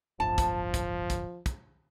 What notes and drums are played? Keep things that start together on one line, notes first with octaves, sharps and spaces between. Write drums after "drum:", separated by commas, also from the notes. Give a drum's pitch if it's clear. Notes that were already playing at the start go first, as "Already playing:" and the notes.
D1 G1 F3 A5
drum: kick, hi-hat
drum: kick, hi-hat
drum: kick, hi-hat
drum: kick, hi-hat